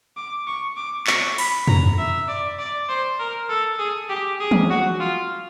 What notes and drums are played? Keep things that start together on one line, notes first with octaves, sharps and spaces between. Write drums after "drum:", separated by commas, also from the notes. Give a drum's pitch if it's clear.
D6
C#6
D6
C#6, drum: clap
B5, drum: open hi-hat
A#5, drum: tom F2
E5
D5
D5
C5
A#4
A4
G#4
G4
G#4
drum: tom E3
F#4
F4